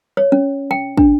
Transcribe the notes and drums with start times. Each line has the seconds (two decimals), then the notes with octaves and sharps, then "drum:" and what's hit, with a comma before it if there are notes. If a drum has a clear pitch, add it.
0.17 C#5
0.32 C#4
0.71 G5
0.97 D4, drum: kick